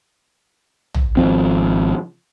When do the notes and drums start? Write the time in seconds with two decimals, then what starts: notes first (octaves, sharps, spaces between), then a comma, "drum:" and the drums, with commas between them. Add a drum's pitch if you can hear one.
0.94 drum: tom
1.17 G#1 E2 F3 C4